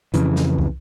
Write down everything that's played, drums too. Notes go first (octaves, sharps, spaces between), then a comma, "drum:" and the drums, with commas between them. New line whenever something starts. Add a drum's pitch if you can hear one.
F2 C#3 E3, drum: hi-hat
drum: snare
drum: kick